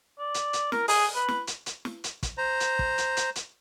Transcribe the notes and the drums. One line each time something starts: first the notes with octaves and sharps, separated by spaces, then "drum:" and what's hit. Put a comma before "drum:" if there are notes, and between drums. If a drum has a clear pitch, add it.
D5
drum: hi-hat
drum: hi-hat
A#4, drum: snare
G#4, drum: open hi-hat
B4
drum: snare
drum: hi-hat
drum: hi-hat
drum: snare
drum: hi-hat
drum: kick, hi-hat
C5 A#5
drum: hi-hat
drum: kick
drum: hi-hat
drum: hi-hat
drum: hi-hat